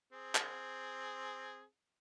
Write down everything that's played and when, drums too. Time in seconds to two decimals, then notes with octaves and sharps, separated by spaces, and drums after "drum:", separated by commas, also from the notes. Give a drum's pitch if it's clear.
0.13 C4 G#4
0.35 drum: clap